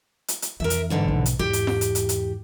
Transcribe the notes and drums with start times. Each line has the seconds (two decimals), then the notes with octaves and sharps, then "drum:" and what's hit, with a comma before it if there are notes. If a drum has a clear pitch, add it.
0.28 drum: hi-hat
0.42 drum: hi-hat
0.60 F2 E3 A#4 E5
0.70 drum: hi-hat
0.90 E2 G#2 D3
1.05 B1 B2
1.26 drum: hi-hat
1.39 E2 G#2 G4
1.53 drum: hi-hat
1.67 drum: snare
1.81 drum: hi-hat
1.95 drum: hi-hat
2.09 drum: hi-hat